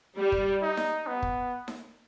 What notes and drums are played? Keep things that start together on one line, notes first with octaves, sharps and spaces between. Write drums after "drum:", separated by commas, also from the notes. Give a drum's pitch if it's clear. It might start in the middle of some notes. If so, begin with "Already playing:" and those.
G3
drum: kick
D#4
drum: snare D#4
B3
drum: kick
drum: snare D#4